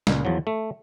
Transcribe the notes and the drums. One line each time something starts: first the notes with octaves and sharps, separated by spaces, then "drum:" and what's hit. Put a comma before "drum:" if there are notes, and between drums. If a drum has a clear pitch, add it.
C#2 A#2, drum: snare
E2 F3 F#3
A3